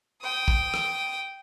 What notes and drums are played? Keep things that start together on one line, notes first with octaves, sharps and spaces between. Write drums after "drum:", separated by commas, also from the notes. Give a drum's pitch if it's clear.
G5 D#6
drum: kick
drum: rim click